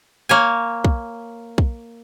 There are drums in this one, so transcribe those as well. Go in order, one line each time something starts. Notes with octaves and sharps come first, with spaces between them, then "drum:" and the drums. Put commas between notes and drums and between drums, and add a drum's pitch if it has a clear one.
A#3 C#5 G#5
drum: kick
drum: kick